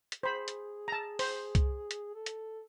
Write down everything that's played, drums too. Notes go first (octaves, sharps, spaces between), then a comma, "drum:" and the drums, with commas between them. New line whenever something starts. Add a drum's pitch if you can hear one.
drum: hi-hat
G#4 C5 B5
drum: hi-hat
A5 A#5
C5, drum: open hi-hat
drum: kick C2, hi-hat
drum: hi-hat
A4
drum: hi-hat